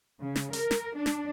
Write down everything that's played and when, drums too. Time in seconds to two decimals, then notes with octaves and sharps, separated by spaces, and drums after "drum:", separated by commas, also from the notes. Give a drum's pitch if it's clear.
0.22 C#3
0.36 drum: snare
0.53 A#4, drum: hi-hat
0.71 drum: snare
0.96 D4
1.06 drum: snare